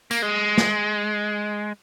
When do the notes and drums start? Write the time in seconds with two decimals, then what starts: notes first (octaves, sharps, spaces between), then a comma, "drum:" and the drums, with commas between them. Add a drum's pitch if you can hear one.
0.11 A#3, drum: tambourine
0.22 G#3
0.58 drum: snare